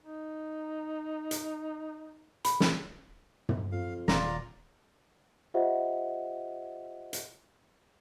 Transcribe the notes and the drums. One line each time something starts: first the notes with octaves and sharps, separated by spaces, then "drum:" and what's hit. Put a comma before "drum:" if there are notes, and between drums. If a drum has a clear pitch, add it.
D#4
drum: hi-hat
B5, drum: hi-hat
drum: snare
drum: tom
F2 F5
D#1 F4 D5 A#5, drum: snare
F4 G4 C5 D#5 E5 F#5
drum: hi-hat